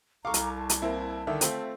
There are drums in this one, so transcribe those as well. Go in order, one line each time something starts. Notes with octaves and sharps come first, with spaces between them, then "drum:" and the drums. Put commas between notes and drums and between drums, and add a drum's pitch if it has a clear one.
C2 A4 F5 A#5 C#6 D6
drum: hi-hat
A5
drum: hi-hat
A#3 C4 E4
D3 D#3 E5
A3 C4 F4, drum: hi-hat